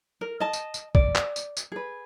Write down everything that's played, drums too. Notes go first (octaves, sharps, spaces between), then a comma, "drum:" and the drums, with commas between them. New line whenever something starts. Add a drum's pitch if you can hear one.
A#4
D#5 A5
drum: tambourine
drum: tambourine
D5, drum: kick
drum: clap
drum: tambourine
drum: tambourine
G#4 B4